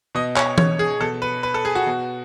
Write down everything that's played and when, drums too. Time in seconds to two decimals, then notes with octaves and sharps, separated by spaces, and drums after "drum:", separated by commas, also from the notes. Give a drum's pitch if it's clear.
0.15 B2 D#5
0.36 C#5, drum: clap
0.58 C#5, drum: tom E3
0.79 G#4
1.00 B2 A4
1.22 B4
1.43 B4
1.54 A4
1.65 G#4
1.75 F#4
1.86 B2